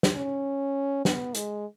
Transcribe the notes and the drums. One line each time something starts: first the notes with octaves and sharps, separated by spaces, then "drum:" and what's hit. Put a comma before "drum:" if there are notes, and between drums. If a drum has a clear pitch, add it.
drum: snare
C#4
B3, drum: snare
G#3, drum: hi-hat